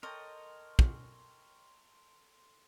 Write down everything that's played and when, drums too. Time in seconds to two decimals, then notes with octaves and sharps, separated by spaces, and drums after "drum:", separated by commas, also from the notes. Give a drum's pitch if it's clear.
0.03 A4 A#4 C#5 D#5 G5 C6
0.79 drum: kick